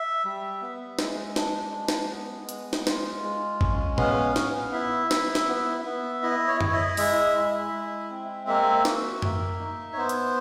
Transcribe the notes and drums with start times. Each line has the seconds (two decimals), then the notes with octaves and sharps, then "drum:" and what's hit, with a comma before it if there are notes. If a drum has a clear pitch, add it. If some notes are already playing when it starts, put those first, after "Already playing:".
Already playing: E5
0.25 G3
0.61 B3
0.99 G#3, drum: snare
1.36 D4, drum: snare
1.74 G#3
1.88 drum: snare
2.11 B3
2.49 G#3, drum: hi-hat
2.73 drum: snare
2.87 F4, drum: snare
3.23 G#3
3.61 C#4, drum: kick G#1
3.98 B3 F5, drum: tom A2
4.36 B3, drum: snare
4.73 E4 E5
5.11 E4, drum: snare
5.35 drum: snare
5.48 B3
5.85 B3
6.23 E4 D#5
6.47 C#5
6.61 E4, drum: tom F#2
6.72 D#5
6.88 D#5
6.97 G#3 E5, drum: open hi-hat
7.36 E4
7.72 G#3
8.10 C4
8.47 A#3 E5
8.85 F#4, drum: snare
9.22 A#3, drum: tom F#2
9.60 D#4
9.93 C#5
9.97 B3 C5
10.09 drum: hi-hat